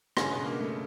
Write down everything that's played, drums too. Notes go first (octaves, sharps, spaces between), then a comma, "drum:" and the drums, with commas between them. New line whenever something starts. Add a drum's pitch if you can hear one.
G2 C#3 C#4, drum: rim click
B2 B3
G2 A#3
A3